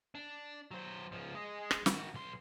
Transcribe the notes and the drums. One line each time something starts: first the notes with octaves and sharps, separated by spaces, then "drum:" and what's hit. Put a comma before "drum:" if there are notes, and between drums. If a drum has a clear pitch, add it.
D4
F#3 C5
C#2 F3
G#3 D#5
drum: rim click
D#3 F#4, drum: snare
B1 C6